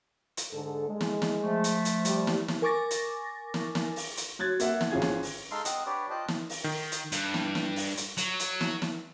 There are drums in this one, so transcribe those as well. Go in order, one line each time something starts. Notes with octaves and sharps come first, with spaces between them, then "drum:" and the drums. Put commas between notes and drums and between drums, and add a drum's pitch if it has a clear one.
drum: hi-hat
G#2 D3 A4
G#3
drum: snare
drum: snare
F3 A3
drum: hi-hat
drum: hi-hat
G3, drum: hi-hat
drum: snare
drum: snare
A#4 G#5 C#6 D6 A6 A#6
drum: hi-hat
drum: snare
drum: snare
drum: open hi-hat
drum: hi-hat
F#3 F#6 G#6 A6
A#3 E5 F#5, drum: hi-hat
drum: snare
G#1 C#4 F4 G#4 G#6
drum: snare
drum: open hi-hat
G#3 D#4 A4 F5 C6
C4 D#5 F#5, drum: hi-hat
D4 G4 B4 C#5 D5
F4 C5 D#5 G5 A5 F#6
drum: snare
drum: open hi-hat
D#3
drum: hi-hat
G2, drum: hi-hat
drum: snare
drum: snare
drum: open hi-hat
drum: hi-hat
F#3, drum: hi-hat
drum: hi-hat
drum: snare
drum: snare